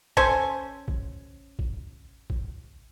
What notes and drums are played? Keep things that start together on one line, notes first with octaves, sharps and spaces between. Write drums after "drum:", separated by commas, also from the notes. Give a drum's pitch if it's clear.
C#4 A4 C5 G#5, drum: kick
drum: kick
drum: kick
drum: kick